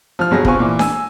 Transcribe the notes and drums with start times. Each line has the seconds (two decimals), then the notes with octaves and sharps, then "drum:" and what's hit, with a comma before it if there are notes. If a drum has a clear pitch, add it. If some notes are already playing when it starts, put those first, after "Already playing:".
0.19 F3 F6
0.31 G1 F#3 G#4 A#6
0.45 B2 B3 C4 F4 G#5 C#6, drum: kick
0.59 A#2 E3
0.79 G#5 E6, drum: snare D4